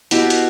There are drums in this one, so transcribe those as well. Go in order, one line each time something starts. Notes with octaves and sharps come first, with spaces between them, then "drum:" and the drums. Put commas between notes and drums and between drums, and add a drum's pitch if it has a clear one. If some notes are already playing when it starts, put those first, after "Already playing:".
B2 E4 G4, drum: hi-hat
drum: hi-hat